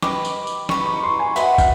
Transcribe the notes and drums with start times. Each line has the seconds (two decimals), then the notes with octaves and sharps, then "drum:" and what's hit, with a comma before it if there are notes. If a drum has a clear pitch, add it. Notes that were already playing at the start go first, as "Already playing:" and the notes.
0.03 G4 B4 D#5 D6, drum: snare
0.25 drum: tambourine
0.47 drum: tambourine
0.69 G4 B4 D#5 C#6, drum: snare
0.86 C#6
1.03 C6
1.20 G#5
1.36 F#4 B4 D#5 E5 F#5, drum: tambourine
1.58 drum: kick, tambourine